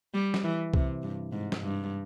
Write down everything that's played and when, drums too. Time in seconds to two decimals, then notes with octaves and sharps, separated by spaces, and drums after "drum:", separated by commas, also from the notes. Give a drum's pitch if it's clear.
0.14 G3
0.34 drum: snare
0.44 E3
0.74 C3, drum: kick C2
1.03 G2
1.32 G#2
1.52 drum: snare
1.62 G2